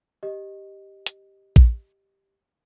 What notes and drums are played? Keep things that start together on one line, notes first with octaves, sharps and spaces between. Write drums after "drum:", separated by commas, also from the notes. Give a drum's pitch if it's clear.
G4 D#5
drum: hi-hat
drum: kick A#1